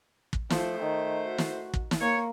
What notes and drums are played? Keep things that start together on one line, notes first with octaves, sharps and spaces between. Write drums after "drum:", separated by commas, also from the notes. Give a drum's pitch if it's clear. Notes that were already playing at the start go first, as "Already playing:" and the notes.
drum: kick
F3 A3 C5, drum: snare
D#3
F#4
drum: snare
drum: kick
drum: snare
A#3 C#5